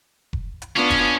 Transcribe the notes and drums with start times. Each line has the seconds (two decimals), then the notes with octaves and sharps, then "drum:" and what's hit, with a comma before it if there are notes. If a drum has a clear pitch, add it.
0.33 drum: kick F1
0.62 drum: hi-hat
0.76 B3 C#4 D4 F4
0.90 drum: kick F1, hi-hat